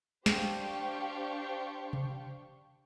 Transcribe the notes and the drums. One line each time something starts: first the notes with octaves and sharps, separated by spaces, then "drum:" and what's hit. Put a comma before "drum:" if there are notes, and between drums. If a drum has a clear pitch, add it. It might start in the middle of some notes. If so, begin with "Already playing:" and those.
D4 G4 C5 F5 G5 C#6, drum: snare
drum: tom C3